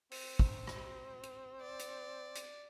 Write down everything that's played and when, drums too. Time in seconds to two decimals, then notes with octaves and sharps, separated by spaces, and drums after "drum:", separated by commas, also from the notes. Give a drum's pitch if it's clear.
0.11 C4, drum: open hi-hat
0.39 drum: kick
0.67 drum: rim click
1.23 drum: hi-hat
1.61 D5
1.79 drum: hi-hat
2.35 drum: hi-hat